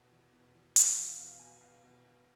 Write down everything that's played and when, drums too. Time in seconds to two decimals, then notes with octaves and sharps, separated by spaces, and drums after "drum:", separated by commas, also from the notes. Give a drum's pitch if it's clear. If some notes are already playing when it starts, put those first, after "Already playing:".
Already playing: E2 B2
0.12 E2
0.32 B2
0.55 E2
0.76 E2, drum: hi-hat
0.98 E2 F5
1.18 B2 F5
1.33 F5
1.39 B2 G#5
1.61 B2 F5
1.84 B2
2.04 B2